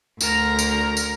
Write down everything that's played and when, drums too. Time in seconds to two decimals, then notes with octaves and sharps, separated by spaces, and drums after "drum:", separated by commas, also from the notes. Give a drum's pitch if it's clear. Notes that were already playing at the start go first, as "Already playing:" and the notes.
0.21 D2 A#4 A#5, drum: tambourine
0.59 drum: tambourine
0.97 drum: tambourine